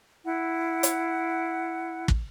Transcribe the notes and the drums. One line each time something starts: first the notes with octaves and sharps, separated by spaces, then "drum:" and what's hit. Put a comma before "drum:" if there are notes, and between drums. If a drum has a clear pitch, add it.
E4 F#5
drum: hi-hat
drum: kick